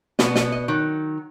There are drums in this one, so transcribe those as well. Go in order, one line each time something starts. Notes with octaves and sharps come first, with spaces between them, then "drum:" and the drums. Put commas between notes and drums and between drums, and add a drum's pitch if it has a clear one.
B2 B3 D#5, drum: snare
D#5, drum: snare
D#5
D#3 F#3